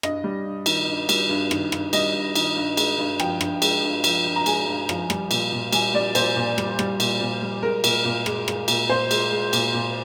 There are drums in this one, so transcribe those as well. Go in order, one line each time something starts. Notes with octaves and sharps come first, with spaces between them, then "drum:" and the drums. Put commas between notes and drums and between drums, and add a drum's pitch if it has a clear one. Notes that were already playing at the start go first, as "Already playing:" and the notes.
G2 D#5, drum: rim click
G3
G2
D#3, drum: cymbal
G2
G3, drum: cymbal
G2
D#3, drum: rim click
G2, drum: rim click
G3 D#5, drum: cymbal
G2
D#3, drum: cymbal
G2
G#3, drum: cymbal
G2
F3 G5, drum: rim click
G2, drum: rim click
G#3, drum: cymbal
G2
F3, drum: cymbal
G2
A#5
G#3 G#5, drum: cymbal
G2
F3, drum: rim click
G3, drum: rim click
A#2, drum: cymbal
A#2
G3 G#5, drum: cymbal
G3 D5
A#2 C5, drum: cymbal
A#2
G3, drum: rim click
G3, drum: rim click
A#2, drum: cymbal
A#2
G3
G#3 A#4
A#2, drum: cymbal
A#2
G#3, drum: rim click
G#3, drum: rim click
A#2, drum: cymbal
A#2 C5
G#3, drum: cymbal
G#3
A#2, drum: cymbal
A#2